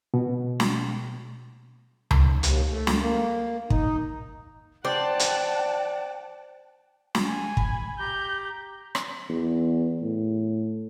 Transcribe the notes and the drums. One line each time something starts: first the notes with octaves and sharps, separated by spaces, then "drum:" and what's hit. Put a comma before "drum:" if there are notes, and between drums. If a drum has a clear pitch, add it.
B2
drum: snare
drum: tom C#2
D#2, drum: hi-hat
A3
drum: snare
A#3
D#4, drum: kick
C5 D5 F#5 G5 A5
drum: hi-hat
drum: snare
G#5
B5, drum: kick
G4 A#5 G6
drum: rim click
E2
A2